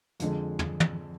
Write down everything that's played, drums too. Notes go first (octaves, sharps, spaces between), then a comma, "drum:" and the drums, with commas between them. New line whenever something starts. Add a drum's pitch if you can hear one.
F2 D3 G#3, drum: hi-hat
drum: tom
drum: tom